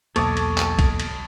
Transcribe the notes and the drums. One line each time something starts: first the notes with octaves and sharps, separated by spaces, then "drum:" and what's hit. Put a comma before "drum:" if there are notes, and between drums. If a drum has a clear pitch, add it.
B1 E2 A#3 A4 C#5 D#5 A5 D6, drum: cymbal
drum: cymbal
drum: clap
drum: kick B1, cymbal
drum: cymbal